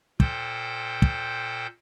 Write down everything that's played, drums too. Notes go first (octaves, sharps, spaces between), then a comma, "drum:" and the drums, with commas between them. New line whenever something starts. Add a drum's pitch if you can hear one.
A#2 A4 C5 G5 G6, drum: kick
drum: kick